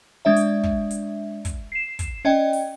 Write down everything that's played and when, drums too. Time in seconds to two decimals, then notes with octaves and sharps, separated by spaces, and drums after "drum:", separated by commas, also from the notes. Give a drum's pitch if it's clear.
0.25 G#3 D4 D5 E5
0.36 drum: hi-hat
0.63 drum: kick
0.91 drum: hi-hat
1.45 drum: kick, hi-hat
1.72 C7 E7
1.99 drum: kick, hi-hat
2.25 C#4 D5 D#5 G5
2.53 drum: open hi-hat